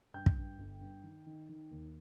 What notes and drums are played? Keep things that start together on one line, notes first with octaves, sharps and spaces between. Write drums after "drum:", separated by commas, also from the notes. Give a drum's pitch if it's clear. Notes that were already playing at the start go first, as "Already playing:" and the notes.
G2 G5 G6
drum: kick
G2
G1
G2
D#3
D#3
D#3
D#2